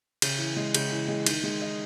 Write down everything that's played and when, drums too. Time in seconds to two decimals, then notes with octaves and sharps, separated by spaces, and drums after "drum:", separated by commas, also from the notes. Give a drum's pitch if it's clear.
0.22 C#3, drum: cymbal
0.38 E3
0.56 G#3
0.74 C#3, drum: cymbal
0.92 E3
1.08 G#3
1.26 D#3, drum: cymbal
1.44 G#3
1.62 D#4